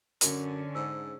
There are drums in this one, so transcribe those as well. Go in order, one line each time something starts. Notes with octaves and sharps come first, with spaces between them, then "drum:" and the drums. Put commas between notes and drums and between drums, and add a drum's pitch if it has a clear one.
F#2 D3 C#4, drum: hi-hat
G#2 G#4 C5 E6